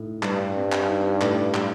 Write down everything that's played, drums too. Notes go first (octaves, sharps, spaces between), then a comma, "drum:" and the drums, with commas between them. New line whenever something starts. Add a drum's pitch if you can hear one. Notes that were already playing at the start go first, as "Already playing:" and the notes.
Already playing: A2 D#4
G2 G3, drum: clap
C4
drum: clap
D#4
A2, drum: clap
G3, drum: clap